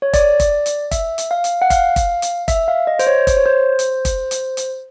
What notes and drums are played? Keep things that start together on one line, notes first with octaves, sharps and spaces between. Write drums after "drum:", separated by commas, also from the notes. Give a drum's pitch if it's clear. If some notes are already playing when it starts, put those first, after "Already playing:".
C#5
D5, drum: kick, hi-hat
drum: kick, hi-hat
drum: hi-hat
E5, drum: kick, hi-hat
drum: hi-hat
F5
drum: hi-hat
F#5
F5, drum: kick, hi-hat
drum: kick, hi-hat
drum: hi-hat
E5, drum: kick, hi-hat
F5
D#5
C5, drum: hi-hat
C#5
C5, drum: kick, hi-hat
C#5
C5
drum: hi-hat
drum: kick, hi-hat
drum: hi-hat
drum: hi-hat